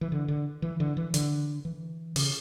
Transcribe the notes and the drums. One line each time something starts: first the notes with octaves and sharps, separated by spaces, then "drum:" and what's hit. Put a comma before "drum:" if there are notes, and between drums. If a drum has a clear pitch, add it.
E3
D3
D3
E3
D3
E3
D3, drum: hi-hat
E3
C#3, drum: open hi-hat